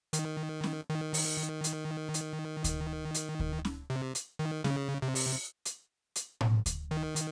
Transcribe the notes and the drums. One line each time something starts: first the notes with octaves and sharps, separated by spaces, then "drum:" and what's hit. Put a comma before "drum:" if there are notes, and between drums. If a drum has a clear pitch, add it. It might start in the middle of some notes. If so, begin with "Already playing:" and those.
D#3, drum: hi-hat
drum: snare C#4
D#3
drum: open hi-hat
drum: hi-hat
drum: hi-hat
drum: kick D2, hi-hat
drum: hi-hat
drum: kick D2
drum: snare C#4
C3
drum: hi-hat
D#3
C#3, drum: snare C#4
C3
drum: open hi-hat
drum: hi-hat
drum: hi-hat
drum: tom A2
drum: kick D2, hi-hat
D#3
drum: hi-hat